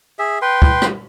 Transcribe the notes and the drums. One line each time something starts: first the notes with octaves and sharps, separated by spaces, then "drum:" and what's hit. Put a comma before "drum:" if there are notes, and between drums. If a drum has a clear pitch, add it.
G#4 E5
B4 G5 C6
drum: kick
drum: rim click